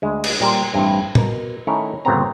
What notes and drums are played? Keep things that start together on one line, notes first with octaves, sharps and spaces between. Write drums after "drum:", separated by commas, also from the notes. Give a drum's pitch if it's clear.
D2 G#3
drum: cymbal
A#2 G3 A#4 C5
A1 G2 C4 E4
B2 A#4, drum: tom
D#3 A3 C#4 E4 A#4 C#5
G1 A#2 C#3 B3 C4 A#5